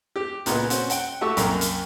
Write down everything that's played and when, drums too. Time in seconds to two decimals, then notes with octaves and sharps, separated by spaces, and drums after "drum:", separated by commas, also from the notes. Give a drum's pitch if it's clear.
0.16 G4
0.46 C#2 A#2 A#3 B3, drum: hi-hat
0.70 C4 C#4 F#4, drum: hi-hat
0.90 F#5 G5, drum: hi-hat
1.21 A3 F#4 G4 C#6 E6
1.37 C2 F#2 A#3 A#5, drum: hi-hat
1.61 drum: hi-hat